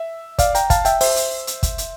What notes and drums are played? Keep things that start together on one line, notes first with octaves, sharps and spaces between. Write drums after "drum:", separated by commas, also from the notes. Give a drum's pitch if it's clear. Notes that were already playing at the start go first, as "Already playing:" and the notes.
Already playing: E5
D5 F5, drum: kick, hi-hat
G5 A#5, drum: hi-hat
F5 A5, drum: kick, hi-hat
E5 G5, drum: hi-hat
C5 E5, drum: open hi-hat
drum: hi-hat
drum: hi-hat
drum: kick, hi-hat
drum: hi-hat